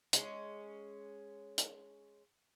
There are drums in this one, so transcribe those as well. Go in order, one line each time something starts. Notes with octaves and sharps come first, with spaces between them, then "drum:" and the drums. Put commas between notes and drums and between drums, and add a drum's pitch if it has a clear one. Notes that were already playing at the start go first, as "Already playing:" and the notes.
G#3 C#4, drum: hi-hat
drum: hi-hat